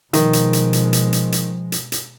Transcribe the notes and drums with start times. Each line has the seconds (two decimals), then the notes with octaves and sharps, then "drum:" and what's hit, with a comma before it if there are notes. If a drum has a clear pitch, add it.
0.13 B2 D#3 F3 G#3, drum: hi-hat
0.33 drum: hi-hat
0.53 drum: hi-hat
0.73 drum: hi-hat
0.93 drum: hi-hat
1.13 drum: hi-hat
1.32 drum: hi-hat
1.72 drum: hi-hat
1.92 drum: hi-hat